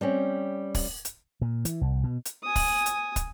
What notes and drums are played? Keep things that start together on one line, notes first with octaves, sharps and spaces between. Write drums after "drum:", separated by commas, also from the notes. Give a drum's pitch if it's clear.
G3 C4 C#4
drum: kick, open hi-hat
drum: hi-hat
A#2
E3, drum: hi-hat
C2
B2
drum: hi-hat
G#5 D#6
drum: kick, open hi-hat
drum: hi-hat
drum: kick, hi-hat